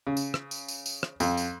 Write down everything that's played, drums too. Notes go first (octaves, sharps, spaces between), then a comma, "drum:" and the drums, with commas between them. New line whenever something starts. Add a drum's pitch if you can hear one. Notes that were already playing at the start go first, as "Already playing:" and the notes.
C#3
drum: tambourine
drum: rim click
drum: tambourine
drum: tambourine
drum: tambourine
drum: rim click
F2, drum: tambourine
drum: tambourine